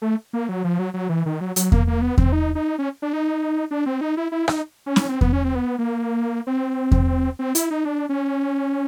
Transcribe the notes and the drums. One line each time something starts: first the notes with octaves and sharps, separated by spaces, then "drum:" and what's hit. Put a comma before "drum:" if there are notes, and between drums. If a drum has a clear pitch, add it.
A3
A#3
F#3
F3
F#3
F#3
E3
D#3
F#3
F#3, drum: hi-hat
A#3, drum: kick E2
A#3
B3
C4, drum: kick E2
D#4
D#4
C#4
D4
D#4
D4
C4
D#4
E4
E4
D#4, drum: rim click
C#4
drum: snare C#4
C4
B3, drum: kick E2
C#4
C4
B3
A#3
C4
drum: kick E2
C4
E4, drum: hi-hat
D#4
D4
C#4